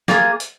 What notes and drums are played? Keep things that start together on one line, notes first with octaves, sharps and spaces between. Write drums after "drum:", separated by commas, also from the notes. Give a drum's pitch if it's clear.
A#3 F4 G#4, drum: snare
drum: hi-hat